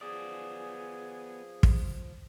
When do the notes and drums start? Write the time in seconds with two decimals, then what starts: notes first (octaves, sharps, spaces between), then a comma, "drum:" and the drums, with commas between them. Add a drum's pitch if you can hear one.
0.01 F3 B3 G#4 D5 D#6
1.63 drum: kick